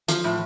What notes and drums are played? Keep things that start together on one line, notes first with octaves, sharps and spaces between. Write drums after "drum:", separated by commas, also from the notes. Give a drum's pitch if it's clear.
F3, drum: hi-hat
A2